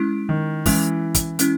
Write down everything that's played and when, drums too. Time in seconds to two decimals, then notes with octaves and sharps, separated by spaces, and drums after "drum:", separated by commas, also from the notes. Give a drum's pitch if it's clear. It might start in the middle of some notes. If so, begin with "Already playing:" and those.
Already playing: G#3 C#4 E4
0.29 D#3
0.66 E3 G#3 C#4 E4, drum: kick, open hi-hat
1.15 drum: kick, hi-hat
1.39 G#3 C#4 E4, drum: hi-hat